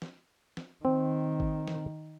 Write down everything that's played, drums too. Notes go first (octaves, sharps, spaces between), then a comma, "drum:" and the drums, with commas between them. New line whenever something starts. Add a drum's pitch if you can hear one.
drum: snare
drum: snare
D#3 C4
drum: kick G#1
drum: snare